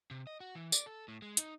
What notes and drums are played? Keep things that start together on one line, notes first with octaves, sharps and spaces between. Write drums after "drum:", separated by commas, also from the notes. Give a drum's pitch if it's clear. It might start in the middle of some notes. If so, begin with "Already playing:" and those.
C3
D#5
F#4
E3
D5, drum: tambourine
A4
A2
G#3
D#4, drum: hi-hat